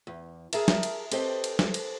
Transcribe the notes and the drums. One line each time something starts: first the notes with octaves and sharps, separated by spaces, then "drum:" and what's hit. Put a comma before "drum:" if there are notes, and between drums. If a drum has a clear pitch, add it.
E2
G#4 A#4 E5 A5, drum: cymbal
drum: snare
drum: cymbal
C4 G4 A4 B4 C5 D#5, drum: cymbal
drum: cymbal
drum: snare
drum: cymbal